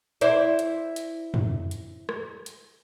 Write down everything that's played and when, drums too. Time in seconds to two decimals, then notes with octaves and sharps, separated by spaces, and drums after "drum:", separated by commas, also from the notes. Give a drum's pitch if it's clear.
0.21 E4 C5 D5, drum: hi-hat
0.59 drum: hi-hat
0.96 drum: hi-hat
1.34 drum: tom
1.71 drum: hi-hat
2.09 drum: rim click
2.46 drum: hi-hat